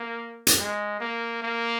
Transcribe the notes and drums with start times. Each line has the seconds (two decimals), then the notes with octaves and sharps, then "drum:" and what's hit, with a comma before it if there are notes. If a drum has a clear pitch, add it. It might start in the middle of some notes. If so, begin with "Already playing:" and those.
Already playing: A#3
0.47 drum: hi-hat
0.59 G#3
1.00 A#3
1.43 A#3